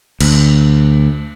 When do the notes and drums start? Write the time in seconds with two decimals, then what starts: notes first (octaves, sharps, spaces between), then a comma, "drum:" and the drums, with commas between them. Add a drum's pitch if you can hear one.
0.21 D2, drum: cymbal